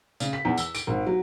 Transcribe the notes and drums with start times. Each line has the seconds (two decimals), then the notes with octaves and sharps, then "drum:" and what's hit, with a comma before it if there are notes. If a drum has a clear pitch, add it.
0.20 C#3, drum: tambourine
0.33 B6
0.45 E2
0.58 E6, drum: tambourine
0.75 D7, drum: tambourine
0.87 G#1
1.06 F#3